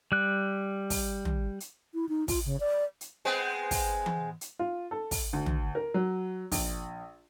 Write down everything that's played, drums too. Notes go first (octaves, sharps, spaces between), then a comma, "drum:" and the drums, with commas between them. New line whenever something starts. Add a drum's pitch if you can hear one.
G3 F#6
drum: kick, open hi-hat
drum: tom
drum: hi-hat
E4
D#4
F4, drum: kick, open hi-hat
C#3
D5
drum: hi-hat
G#3 B3 C4
drum: kick, open hi-hat
drum: tom E3
drum: hi-hat
F4
A4
drum: kick, open hi-hat
D2
drum: tom
A#4
F#3
A#1, drum: kick, open hi-hat